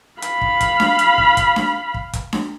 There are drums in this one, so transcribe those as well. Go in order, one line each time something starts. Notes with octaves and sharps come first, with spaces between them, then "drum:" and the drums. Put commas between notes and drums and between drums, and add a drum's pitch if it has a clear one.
F5 B5, drum: hi-hat
drum: kick
drum: kick, hi-hat
drum: snare D4
drum: hi-hat
drum: kick
drum: kick, hi-hat
drum: snare D4
drum: kick
drum: kick, hi-hat
drum: snare D4